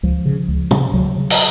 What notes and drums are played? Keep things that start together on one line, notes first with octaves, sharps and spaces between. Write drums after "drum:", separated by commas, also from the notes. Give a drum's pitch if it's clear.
C#2 F3
C#3
C#2
C#3, drum: tom
D2 F#3
C#3
drum: cymbal